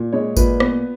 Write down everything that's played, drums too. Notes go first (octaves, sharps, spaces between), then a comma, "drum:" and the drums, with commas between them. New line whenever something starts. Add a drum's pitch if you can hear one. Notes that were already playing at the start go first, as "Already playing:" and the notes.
Already playing: A#2
G#3 C#5
A#2 B4, drum: kick G#1, tambourine
B3, drum: rim click